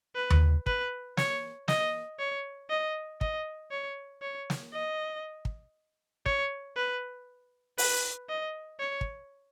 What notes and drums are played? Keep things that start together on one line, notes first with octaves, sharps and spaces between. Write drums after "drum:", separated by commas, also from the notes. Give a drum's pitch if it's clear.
B4
drum: tom D#2
B4, drum: kick
C#5, drum: snare
D#5, drum: snare
C#5
D#5
D#5, drum: kick
C#5
C#5
drum: snare
D#5
drum: kick
C#5, drum: kick
B4
B4, drum: open hi-hat
D#5
C#5
drum: kick